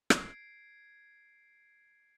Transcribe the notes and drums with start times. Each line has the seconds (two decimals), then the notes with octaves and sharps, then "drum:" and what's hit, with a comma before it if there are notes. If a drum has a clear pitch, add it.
0.10 G#6 C7 D7, drum: rim click